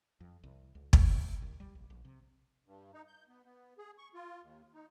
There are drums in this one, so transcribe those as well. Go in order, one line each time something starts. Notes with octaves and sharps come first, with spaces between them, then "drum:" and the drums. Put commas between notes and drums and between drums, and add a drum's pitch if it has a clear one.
F2
C2
C#2
G#3, drum: kick
A2
C2
G3
A#1
A#1
C3
G2
D#4
G6
B3
B3
G#4
C#6
F4
D#2
D#4